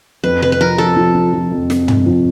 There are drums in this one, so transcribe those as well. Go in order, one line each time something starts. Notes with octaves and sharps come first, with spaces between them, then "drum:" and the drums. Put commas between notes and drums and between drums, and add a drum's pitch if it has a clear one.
F2 B4
C3 B4
B4
F3 A#4
F3 A4
F3
F3
F3
F2
F2, drum: snare
C3, drum: tom
F3